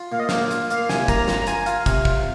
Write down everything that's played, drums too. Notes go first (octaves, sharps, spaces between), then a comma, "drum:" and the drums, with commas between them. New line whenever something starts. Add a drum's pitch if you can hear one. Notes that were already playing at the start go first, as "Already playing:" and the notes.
Already playing: F4
A#2 F5
D#5
A#3 F5, drum: snare
F4, drum: hi-hat
A#3 F5, drum: hi-hat
C2 G#5, drum: snare
A#3 A#5, drum: kick, hi-hat
F4, drum: snare
A#5
F4 G#5, drum: hi-hat
F4 F5, drum: hi-hat
C3, drum: kick, hi-hat
F4, drum: kick